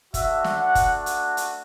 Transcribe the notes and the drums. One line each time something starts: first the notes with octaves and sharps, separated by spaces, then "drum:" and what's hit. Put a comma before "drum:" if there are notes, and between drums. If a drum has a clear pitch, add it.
A3 D4 F#4 E5, drum: kick, hi-hat
drum: snare
F#5
drum: kick, hi-hat
drum: hi-hat
drum: hi-hat